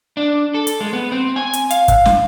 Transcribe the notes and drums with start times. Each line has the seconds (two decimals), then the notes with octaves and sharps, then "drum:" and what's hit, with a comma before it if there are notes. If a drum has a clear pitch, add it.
0.17 D4
0.54 A4
0.67 drum: hi-hat
0.81 G#3
0.93 B3
1.12 C4
1.36 G#5
1.53 drum: hi-hat
1.71 F5, drum: hi-hat
1.88 drum: kick, hi-hat
2.05 drum: snare